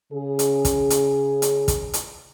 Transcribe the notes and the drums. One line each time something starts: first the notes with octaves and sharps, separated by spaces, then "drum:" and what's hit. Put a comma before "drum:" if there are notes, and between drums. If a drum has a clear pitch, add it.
C#3 G#4
drum: hi-hat
drum: kick, hi-hat
drum: hi-hat
drum: hi-hat
drum: kick, hi-hat
drum: hi-hat